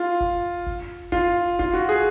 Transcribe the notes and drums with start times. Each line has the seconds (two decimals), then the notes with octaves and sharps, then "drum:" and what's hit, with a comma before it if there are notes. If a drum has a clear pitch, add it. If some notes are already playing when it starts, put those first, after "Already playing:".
Already playing: F4
0.20 drum: kick F1
0.67 drum: kick F1
1.12 F4, drum: kick F1
1.59 F4, drum: kick F1
1.73 F#4
1.89 G#4